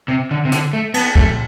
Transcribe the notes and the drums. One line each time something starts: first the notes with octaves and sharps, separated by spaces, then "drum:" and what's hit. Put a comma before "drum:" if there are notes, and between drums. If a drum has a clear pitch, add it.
C3
D3
C3
D3, drum: hi-hat
A3
B3, drum: cymbal
A3, drum: kick D2